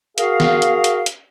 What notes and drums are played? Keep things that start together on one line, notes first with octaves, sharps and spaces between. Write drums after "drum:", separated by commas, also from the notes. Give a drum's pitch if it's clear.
F#4 G#4 A#4 F5, drum: hi-hat
drum: snare
drum: hi-hat
drum: hi-hat
drum: hi-hat